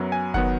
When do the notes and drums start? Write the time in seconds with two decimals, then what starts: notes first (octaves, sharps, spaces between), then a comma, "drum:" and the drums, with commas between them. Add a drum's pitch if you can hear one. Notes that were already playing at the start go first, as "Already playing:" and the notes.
Already playing: F#2 F#3 B3
0.12 G#5
0.34 D#3 F#3 B3 F#5, drum: kick F#1